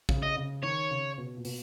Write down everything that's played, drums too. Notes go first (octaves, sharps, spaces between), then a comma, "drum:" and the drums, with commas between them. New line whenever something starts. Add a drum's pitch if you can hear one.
C#3, drum: kick
D#5
C#3
D#3 C#5
C#3
B2
A#2
B2, drum: open hi-hat